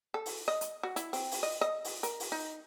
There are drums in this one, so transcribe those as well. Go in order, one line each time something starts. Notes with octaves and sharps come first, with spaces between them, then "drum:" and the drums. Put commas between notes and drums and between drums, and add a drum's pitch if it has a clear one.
A4
drum: open hi-hat
D#5
drum: hi-hat
F#4
E4, drum: hi-hat
C4, drum: open hi-hat
drum: open hi-hat
D#5
D#5
drum: open hi-hat
A#4, drum: hi-hat
drum: open hi-hat
D#4